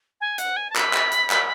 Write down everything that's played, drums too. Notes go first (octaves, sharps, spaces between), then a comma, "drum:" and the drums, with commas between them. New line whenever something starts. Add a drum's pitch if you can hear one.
G#5
F#5, drum: hi-hat
G#5
A5
B5, drum: clap
drum: clap
drum: hi-hat
drum: clap